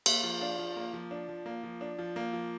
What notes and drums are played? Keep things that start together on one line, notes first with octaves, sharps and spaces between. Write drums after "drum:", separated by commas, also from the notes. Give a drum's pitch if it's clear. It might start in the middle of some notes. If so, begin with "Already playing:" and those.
A#3 E5, drum: cymbal
F3
D4 F5
F3
A#3
F3
D4
F3
A#3
F3
D4
F3
A#3
F3